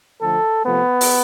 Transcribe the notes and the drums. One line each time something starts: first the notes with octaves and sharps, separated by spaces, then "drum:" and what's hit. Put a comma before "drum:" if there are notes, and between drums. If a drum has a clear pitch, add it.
D3 F3 A3 A4
C3 F3 A3 B3
drum: open hi-hat